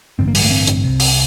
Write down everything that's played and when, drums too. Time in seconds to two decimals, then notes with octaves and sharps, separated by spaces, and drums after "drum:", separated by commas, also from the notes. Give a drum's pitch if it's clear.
0.19 A1 G2 D3 C4
0.28 A#3
0.35 G3, drum: open hi-hat
0.44 A3
0.51 C4
0.67 drum: hi-hat
0.84 C2 C3
1.00 drum: open hi-hat